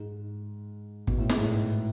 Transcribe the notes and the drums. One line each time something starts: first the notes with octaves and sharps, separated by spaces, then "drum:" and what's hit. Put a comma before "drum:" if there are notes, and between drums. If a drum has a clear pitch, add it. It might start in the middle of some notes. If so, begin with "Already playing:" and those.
Already playing: G#2
B2, drum: kick
A2
G#2, drum: snare
A2